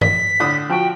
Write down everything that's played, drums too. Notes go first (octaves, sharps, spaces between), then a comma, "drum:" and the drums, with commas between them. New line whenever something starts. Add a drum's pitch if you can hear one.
B6, drum: tom G2
A2 D3 D#6
F3 F#4 G5